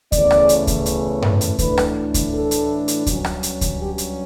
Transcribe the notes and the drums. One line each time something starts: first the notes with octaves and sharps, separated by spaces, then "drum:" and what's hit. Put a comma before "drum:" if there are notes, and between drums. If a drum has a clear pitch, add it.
E2 C#3 E3 A3 C#4 D5, drum: kick D2, hi-hat
drum: rim click
drum: hi-hat
drum: kick D2, hi-hat
drum: hi-hat
drum: tom G2
drum: hi-hat
A2 E3 A3 D4 B4, drum: kick D2, hi-hat
drum: rim click
drum: kick D2, hi-hat
A4
drum: hi-hat
drum: hi-hat
G2 F#3 C#4, drum: kick D2, hi-hat
drum: rim click
drum: hi-hat
drum: kick D2, hi-hat
G4
drum: hi-hat